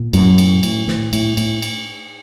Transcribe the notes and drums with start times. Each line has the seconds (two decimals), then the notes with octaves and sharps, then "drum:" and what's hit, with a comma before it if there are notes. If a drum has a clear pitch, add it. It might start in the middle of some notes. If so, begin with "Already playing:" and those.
Already playing: A#2
0.13 F#2 A2 F#3, drum: cymbal
0.38 A2, drum: cymbal
0.63 A2, drum: cymbal
0.88 A2, drum: snare
1.13 A2, drum: cymbal
1.37 A2, drum: cymbal
1.62 drum: cymbal